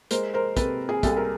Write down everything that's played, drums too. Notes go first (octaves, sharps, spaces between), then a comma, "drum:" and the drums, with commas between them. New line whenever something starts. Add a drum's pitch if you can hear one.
G#3 A#4 C5, drum: hi-hat
A#4 C5
C3 A4 B4, drum: kick, hi-hat
G#4
C2 A4, drum: kick, hi-hat
A#4